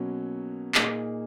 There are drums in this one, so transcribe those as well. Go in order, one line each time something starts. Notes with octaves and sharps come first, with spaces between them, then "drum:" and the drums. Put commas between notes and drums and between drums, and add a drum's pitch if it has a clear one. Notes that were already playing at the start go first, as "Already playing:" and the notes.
Already playing: B2 F#3 A#3 C#4
A#2 A#3 D#4 G#4, drum: clap